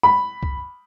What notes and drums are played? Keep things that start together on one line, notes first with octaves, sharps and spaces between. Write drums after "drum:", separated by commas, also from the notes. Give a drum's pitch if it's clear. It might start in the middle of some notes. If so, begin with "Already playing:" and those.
B5
drum: kick C2